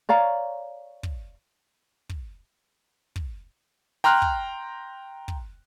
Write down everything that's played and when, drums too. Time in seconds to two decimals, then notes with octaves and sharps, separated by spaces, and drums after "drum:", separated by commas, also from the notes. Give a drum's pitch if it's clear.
0.09 C#5 D5 F5 A#5
1.03 drum: kick
2.09 drum: kick
3.16 drum: kick
4.04 G5 A#5 C6 F6 F#6
4.22 drum: kick
5.28 drum: kick